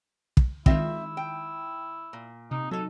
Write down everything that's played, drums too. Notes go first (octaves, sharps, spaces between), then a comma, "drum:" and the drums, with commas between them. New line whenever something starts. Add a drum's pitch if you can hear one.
drum: kick
D#3 G#3 C4 E4 F4 E5, drum: kick
G5
A#2
C3 D#4
F#3 D#4 A4